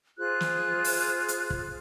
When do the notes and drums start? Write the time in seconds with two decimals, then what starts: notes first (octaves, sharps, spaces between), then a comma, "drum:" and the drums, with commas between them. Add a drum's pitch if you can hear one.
0.18 F4 G#4 C5 F#6
0.40 drum: snare
0.84 drum: open hi-hat
1.28 drum: hi-hat
1.50 drum: kick